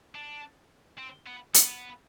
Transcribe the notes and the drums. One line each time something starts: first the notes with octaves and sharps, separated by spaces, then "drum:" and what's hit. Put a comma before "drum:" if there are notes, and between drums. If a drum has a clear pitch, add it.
D4
C4
B3
B3, drum: hi-hat